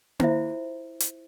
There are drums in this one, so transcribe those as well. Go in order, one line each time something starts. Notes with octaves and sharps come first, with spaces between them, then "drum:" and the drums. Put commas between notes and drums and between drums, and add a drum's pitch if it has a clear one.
E4 F4 C5 E5, drum: tom A#3
drum: hi-hat